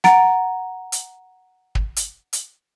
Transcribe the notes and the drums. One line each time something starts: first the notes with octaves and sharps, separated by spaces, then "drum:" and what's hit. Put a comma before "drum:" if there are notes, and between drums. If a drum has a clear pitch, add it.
F#5 A#5 A6 D7, drum: snare
drum: hi-hat
drum: kick
drum: hi-hat
drum: hi-hat